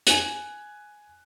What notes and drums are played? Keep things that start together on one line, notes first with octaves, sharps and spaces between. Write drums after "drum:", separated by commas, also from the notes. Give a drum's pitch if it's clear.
G#5 F#6, drum: hi-hat